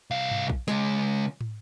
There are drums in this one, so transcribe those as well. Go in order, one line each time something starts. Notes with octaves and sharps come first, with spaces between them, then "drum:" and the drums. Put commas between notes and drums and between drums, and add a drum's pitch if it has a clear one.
C2 F5
drum: tom G2
drum: kick A#1
C#3 G#3, drum: snare
drum: tom